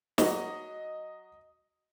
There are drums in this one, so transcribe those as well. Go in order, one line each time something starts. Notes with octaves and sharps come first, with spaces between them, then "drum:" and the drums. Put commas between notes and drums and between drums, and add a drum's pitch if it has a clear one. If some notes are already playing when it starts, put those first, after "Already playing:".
F#3 F#4 D#5, drum: snare